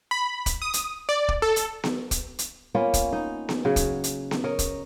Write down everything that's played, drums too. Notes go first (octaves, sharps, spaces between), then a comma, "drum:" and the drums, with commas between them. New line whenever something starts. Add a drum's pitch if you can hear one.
B5
drum: kick, hi-hat
D#6
drum: hi-hat
D5
drum: kick
A4
drum: hi-hat
drum: snare B3
drum: kick, hi-hat
drum: hi-hat
A#3 B3 C#4 F4
drum: kick, hi-hat
D#4
drum: snare B3
C#3 F#3
drum: kick, hi-hat
drum: hi-hat
drum: snare B3
A#4 C#5 D#5
drum: kick, hi-hat